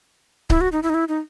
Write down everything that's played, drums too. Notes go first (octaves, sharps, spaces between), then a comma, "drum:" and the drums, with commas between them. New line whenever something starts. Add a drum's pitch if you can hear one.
E4, drum: kick C#1
F#4
D#4
E4
D#4
E4
D#4